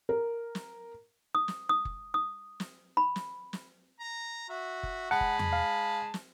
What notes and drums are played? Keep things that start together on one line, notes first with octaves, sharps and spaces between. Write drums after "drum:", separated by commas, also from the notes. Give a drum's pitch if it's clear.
A#4
drum: snare
D#6
drum: snare
D#6
drum: kick F#1
D#6
drum: snare
B5
drum: snare
drum: snare
A#5
F#4 E5
drum: kick F#1
G#3 F#5 A5 B5
drum: kick F#1
drum: tom E2
F5
drum: snare